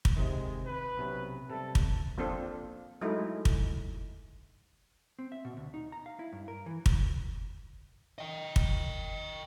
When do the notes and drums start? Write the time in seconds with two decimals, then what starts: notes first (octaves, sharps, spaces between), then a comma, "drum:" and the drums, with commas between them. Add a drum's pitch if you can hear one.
0.05 drum: kick
0.17 C3 D#3 G#3
0.66 B4
0.97 B1 C3 C#4
1.50 C3 G3 A4
1.75 drum: kick
2.18 F3 A#3 C4 D4 A4
3.01 F#3 G#3 A3 D#4 E4
3.45 drum: kick
5.19 C4
5.32 E5
5.45 B2
5.57 D2
5.74 D#4
5.92 A#5
6.06 F5
6.19 E4
6.33 G2
6.48 A#4
6.66 E3
6.86 drum: kick
8.18 D#5 G5
8.56 drum: kick